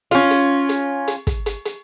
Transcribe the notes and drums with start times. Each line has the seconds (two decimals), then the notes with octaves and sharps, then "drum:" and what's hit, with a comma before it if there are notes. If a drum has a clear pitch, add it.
0.11 C#4 F4, drum: hi-hat
0.31 drum: hi-hat
0.69 drum: hi-hat
1.08 drum: hi-hat
1.27 drum: kick, hi-hat
1.46 drum: hi-hat
1.65 drum: hi-hat